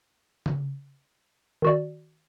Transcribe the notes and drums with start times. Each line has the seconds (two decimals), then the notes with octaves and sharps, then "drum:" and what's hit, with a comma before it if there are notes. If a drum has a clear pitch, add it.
0.46 drum: tom C#3
1.62 D#3 F#4 D5